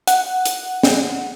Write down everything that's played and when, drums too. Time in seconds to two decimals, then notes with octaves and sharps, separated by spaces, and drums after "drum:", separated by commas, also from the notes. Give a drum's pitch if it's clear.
0.07 F#5, drum: hi-hat
0.45 drum: hi-hat
0.83 drum: snare